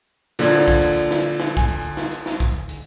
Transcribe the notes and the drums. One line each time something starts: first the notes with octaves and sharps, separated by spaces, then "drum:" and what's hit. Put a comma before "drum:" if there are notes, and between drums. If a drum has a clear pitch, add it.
A#2 D3 F3 F4 D5 G#6, drum: hi-hat
drum: snare
drum: kick, hi-hat
drum: hi-hat
drum: snare
drum: snare
G#5, drum: kick, hi-hat
drum: hi-hat
drum: hi-hat
drum: snare
drum: hi-hat
drum: snare
drum: kick, hi-hat
drum: hi-hat